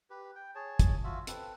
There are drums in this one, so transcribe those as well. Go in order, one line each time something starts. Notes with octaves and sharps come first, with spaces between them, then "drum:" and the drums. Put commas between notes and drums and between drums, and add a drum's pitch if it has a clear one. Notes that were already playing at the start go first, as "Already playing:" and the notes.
G4 B4
G5
G#4 C#5 A5
drum: kick, hi-hat
F4 F#4 E5
C4 A4 B4, drum: hi-hat